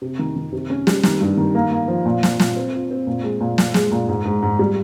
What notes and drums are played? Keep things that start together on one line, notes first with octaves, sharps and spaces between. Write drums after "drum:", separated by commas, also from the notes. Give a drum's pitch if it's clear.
C3
D#3
D#3
C3
C#4
G3, drum: snare
D#3, drum: snare
G2
D#3
A#3
A#3
F3
A#2
A#2, drum: snare
A#2, drum: snare
C4
F4
C4
A#2
G#3
A#2
A#2, drum: snare
G#3, drum: snare
A#2
G#2
G#2
G#2
G3